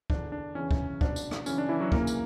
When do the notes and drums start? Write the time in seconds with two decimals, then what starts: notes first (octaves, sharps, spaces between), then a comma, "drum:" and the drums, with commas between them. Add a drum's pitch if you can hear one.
0.10 E2 D3 D4, drum: kick
0.32 D4
0.55 E2 C#3 E3 C#4
0.71 drum: kick
1.01 C#2 B2 D4, drum: kick
1.16 drum: tambourine
1.31 drum: rim click
1.46 F#2 C#3 E3 C#4, drum: tambourine
1.58 D4
1.69 E3 E4
1.80 F#3 F#4
1.92 E2 C#3 E3 A#3 A#4, drum: kick
2.07 drum: tambourine